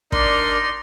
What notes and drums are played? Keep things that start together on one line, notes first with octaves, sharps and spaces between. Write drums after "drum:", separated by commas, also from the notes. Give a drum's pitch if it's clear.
D4 D#4 A#4 D5 C6, drum: kick